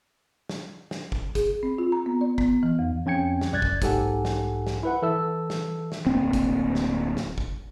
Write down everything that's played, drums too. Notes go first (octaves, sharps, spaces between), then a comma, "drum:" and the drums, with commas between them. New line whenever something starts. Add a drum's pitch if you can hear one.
drum: snare
drum: snare
drum: kick
G#4, drum: kick, hi-hat
C4
F4
A#5
B3
D5
B3, drum: kick
E3
E2
F2 C#4 G5 G#6 C#7
drum: snare
C2 F#2 D5 F#6 G#6 A6
drum: kick
B1 G#2 G4 A4 F#5 G#5, drum: kick, hi-hat
drum: snare
drum: snare
E4 B4 F#5
E3 A4 E5 E6
drum: snare
drum: snare
D1 A#3 C4
drum: kick, hi-hat
drum: snare
drum: snare
drum: kick